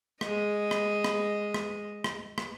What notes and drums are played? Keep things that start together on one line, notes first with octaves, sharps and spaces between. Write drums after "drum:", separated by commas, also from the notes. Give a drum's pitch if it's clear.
G#3 D#5, drum: rim click
drum: rim click
drum: rim click
drum: rim click
drum: rim click
drum: rim click